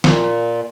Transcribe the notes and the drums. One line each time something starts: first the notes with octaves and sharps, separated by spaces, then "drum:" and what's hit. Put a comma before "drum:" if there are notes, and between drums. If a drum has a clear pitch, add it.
A#2, drum: snare